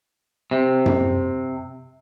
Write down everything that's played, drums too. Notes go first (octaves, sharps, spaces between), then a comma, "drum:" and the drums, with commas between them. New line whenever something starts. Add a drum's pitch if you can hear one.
C3
drum: tom F#2